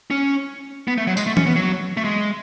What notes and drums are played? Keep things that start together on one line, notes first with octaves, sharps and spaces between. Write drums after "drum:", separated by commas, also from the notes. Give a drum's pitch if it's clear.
C#4
B3
A3
F#3
G#3, drum: tambourine
A3
C#4, drum: tom E3
B3
F#3
A3
G#3